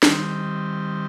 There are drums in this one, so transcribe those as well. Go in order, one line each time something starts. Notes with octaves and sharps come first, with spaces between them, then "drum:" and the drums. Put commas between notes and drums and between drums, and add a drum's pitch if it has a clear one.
D#3 G3 C4, drum: snare